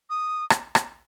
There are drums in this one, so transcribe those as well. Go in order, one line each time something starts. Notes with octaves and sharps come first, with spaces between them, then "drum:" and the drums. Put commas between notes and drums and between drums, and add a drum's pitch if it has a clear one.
D#6
drum: rim click
drum: rim click